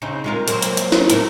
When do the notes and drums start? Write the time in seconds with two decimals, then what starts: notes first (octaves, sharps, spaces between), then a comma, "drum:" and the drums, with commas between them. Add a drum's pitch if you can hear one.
0.02 C#3 C4 D#4
0.24 G#3 F4 A#4
0.48 F#3 A#3 C4, drum: hi-hat
0.62 drum: hi-hat
0.77 drum: hi-hat
0.92 drum: snare
1.10 A3 A#4, drum: hi-hat